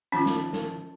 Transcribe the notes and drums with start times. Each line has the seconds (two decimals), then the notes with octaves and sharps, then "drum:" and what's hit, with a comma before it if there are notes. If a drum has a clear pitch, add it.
0.12 D#3 F3 C#4 F4 A5
0.26 drum: snare
0.53 drum: snare